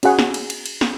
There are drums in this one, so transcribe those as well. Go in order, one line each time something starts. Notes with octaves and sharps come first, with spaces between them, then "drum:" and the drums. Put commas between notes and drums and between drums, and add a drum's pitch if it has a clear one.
C#4 F#4 G#4 F#5, drum: cymbal
drum: snare
drum: cymbal
drum: cymbal
drum: cymbal
drum: snare